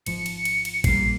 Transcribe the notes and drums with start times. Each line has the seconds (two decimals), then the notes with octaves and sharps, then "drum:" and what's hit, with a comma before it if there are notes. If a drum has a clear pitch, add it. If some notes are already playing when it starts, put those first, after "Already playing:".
0.06 G#1 G#2 F3 C#7, drum: cymbal
0.26 drum: cymbal
0.45 drum: cymbal
0.65 drum: cymbal
0.84 A#1 A#2 G3 A#3 C7, drum: kick A1, cymbal